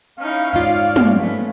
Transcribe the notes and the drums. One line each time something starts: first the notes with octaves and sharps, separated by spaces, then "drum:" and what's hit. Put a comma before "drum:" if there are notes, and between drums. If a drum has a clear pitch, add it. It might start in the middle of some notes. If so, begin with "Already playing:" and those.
C#4 D#4 E4 F5
G#2 D#4 F4 C#5 D5
drum: tom
A3 B3 C#4